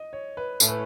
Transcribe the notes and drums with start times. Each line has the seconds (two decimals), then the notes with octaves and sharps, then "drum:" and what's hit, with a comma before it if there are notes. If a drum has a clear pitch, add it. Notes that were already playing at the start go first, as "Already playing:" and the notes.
Already playing: D#5
0.13 C#5
0.37 B4
0.60 A2 E3 A3 C#4 A4, drum: tambourine
0.68 B4